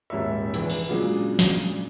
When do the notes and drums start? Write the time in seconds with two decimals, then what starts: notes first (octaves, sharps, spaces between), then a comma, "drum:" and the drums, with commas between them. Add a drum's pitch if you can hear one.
0.10 D#1 G#2 C#5 E5
0.54 F1 C#2 E3, drum: hi-hat
0.70 drum: cymbal
0.88 A#2 C#3 F#3 G#3 D4 F4
1.39 drum: snare